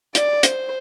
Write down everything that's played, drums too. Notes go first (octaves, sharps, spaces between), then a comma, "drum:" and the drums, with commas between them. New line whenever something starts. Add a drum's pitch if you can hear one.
D5, drum: hi-hat
C5, drum: hi-hat